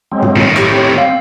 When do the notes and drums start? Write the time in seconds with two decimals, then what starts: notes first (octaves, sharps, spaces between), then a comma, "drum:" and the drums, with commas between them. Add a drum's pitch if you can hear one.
0.12 F#3 G#3 C4
0.22 drum: tom
0.36 A2 D#3, drum: tom
0.56 G4 C#6, drum: rim click
0.71 C4 G4 C#5
0.98 C4 F5